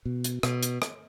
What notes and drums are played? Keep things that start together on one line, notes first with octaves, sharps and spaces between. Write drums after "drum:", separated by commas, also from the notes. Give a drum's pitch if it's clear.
B2
drum: hi-hat
B2, drum: rim click
drum: hi-hat
drum: rim click